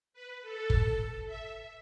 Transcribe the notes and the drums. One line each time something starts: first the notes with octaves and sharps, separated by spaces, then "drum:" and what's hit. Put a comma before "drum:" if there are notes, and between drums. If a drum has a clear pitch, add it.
B4
A4
drum: kick
E5